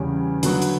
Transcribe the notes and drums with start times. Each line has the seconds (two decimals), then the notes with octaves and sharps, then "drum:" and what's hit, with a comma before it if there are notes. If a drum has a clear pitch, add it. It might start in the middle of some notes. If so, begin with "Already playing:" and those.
Already playing: E2 C#3 G3 C#4
0.43 D3 F#3 B3 F#4, drum: hi-hat
0.62 drum: hi-hat